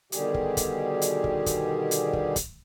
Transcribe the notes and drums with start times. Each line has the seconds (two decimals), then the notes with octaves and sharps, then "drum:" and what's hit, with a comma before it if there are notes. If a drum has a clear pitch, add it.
0.12 B2 D3 D#3 G3 G4 G#4, drum: hi-hat
0.34 drum: kick
0.57 drum: kick, hi-hat
1.02 drum: hi-hat
1.24 drum: kick
1.46 drum: kick, hi-hat
1.91 drum: hi-hat
2.13 drum: kick
2.36 drum: kick, hi-hat